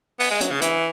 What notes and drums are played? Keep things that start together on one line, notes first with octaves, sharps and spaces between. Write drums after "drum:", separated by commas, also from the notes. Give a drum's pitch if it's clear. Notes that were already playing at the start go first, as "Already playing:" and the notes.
B3, drum: open hi-hat
G#3
F#3, drum: hi-hat
C#3
E3, drum: hi-hat